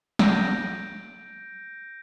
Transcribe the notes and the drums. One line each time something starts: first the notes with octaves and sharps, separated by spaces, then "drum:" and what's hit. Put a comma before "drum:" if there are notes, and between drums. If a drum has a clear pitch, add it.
G6 A#6 D7, drum: snare